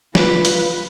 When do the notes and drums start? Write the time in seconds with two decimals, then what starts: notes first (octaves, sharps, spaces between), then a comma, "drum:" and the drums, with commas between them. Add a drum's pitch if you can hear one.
0.15 F4 B4, drum: snare
0.45 drum: hi-hat